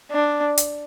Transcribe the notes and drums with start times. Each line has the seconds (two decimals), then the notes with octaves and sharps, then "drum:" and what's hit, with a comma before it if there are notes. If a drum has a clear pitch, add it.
0.11 D4
0.58 drum: hi-hat